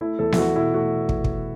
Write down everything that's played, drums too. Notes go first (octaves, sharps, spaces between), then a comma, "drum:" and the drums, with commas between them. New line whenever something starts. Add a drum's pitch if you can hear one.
A3 E4
E2 A4
E4, drum: snare B3
E2 F#4
B2 E4
A3 F#4
drum: kick
drum: kick